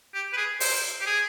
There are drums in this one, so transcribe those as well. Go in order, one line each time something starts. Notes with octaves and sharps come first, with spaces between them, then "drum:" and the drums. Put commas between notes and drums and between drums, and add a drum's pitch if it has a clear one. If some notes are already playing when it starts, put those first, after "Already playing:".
G4
B4
G#4
C5, drum: open hi-hat
G4
G#4